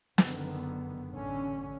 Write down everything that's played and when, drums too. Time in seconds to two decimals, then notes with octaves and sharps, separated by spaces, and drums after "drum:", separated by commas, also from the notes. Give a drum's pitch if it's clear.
0.18 F#1 D3 D#3 B3, drum: snare
1.13 A1 D3 C#4